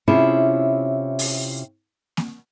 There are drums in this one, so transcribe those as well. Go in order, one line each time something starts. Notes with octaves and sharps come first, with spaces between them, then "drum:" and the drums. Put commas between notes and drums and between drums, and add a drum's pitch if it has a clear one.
C3 C#4 E4 F4 G#4
drum: open hi-hat
drum: snare A#3